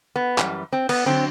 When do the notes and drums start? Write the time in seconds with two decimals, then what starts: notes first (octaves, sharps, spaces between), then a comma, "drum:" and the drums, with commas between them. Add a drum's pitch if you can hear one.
0.16 B3
0.38 F#2 E3 G3, drum: clap
0.73 C4
0.89 B3, drum: cymbal
1.06 D3 F#3 C4